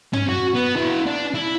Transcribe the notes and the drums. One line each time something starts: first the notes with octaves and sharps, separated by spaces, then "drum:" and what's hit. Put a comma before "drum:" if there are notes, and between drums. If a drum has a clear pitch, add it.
C#4, drum: tom
F#4
B3
E4 F#4
D4
E4